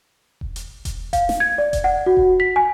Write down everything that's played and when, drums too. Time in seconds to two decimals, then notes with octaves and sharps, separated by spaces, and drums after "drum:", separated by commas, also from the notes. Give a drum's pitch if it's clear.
0.41 drum: kick E1
0.56 drum: hi-hat
0.85 drum: kick E1, hi-hat
1.13 F5, drum: kick E1, hi-hat
1.29 drum: snare
1.40 G#6
1.58 D5
1.73 drum: kick E1, hi-hat
1.84 F#5
2.06 F#4
2.17 drum: kick E1
2.40 B6
2.56 G#5